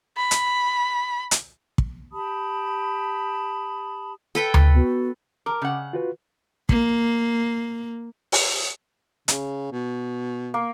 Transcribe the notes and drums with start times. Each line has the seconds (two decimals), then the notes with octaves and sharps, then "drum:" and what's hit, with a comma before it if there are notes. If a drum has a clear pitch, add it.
0.17 B5
0.31 drum: hi-hat
1.31 drum: hi-hat
1.78 drum: kick
2.11 G4 A5 B5 D#6
4.35 A4 B4 G5
4.54 drum: tom D2
4.75 B3 F#4
5.46 A#4 D6
5.62 C#3 F#5
5.93 F4 F#4 B4
6.69 A#3, drum: kick
8.32 drum: open hi-hat
9.28 C#3, drum: hi-hat
9.72 B2
10.54 A#3